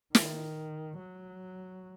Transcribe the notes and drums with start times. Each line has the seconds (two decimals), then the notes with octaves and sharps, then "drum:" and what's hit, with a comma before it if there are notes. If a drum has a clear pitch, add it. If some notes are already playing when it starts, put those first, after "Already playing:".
0.15 D#3, drum: snare
0.98 F#3